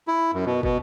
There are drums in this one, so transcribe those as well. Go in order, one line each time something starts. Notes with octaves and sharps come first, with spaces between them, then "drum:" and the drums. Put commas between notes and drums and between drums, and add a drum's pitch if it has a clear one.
E4
F#2
B2
B2, drum: kick